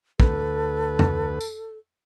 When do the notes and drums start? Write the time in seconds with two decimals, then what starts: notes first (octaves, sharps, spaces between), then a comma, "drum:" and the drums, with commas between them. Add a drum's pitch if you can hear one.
0.20 D2 A4 B4, drum: kick
0.99 drum: tom
1.40 drum: tambourine